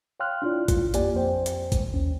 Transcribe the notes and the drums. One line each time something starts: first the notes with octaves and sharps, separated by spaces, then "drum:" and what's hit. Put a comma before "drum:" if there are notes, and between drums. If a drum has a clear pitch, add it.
C#5 F5 G5 C6 F6 F#6
D4 E4 F4 D5
F4, drum: kick A1, hi-hat
F2 A#3 G4 D5 G#5, drum: hi-hat
F2 C5 G5
drum: hi-hat
drum: kick A1, hi-hat
D#2 C#4